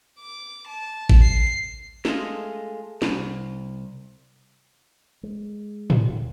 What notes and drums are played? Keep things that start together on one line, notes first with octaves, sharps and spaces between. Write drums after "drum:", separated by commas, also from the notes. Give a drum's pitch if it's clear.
D6
A5
drum: kick
C7
G#3 A3 F4 D#5, drum: snare
C2, drum: snare
G#3
drum: tom
D#1